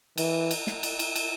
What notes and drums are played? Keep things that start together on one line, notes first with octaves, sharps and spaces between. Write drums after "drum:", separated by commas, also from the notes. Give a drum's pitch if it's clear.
E3, drum: cymbal
drum: cymbal
drum: snare
drum: cymbal
drum: cymbal
drum: cymbal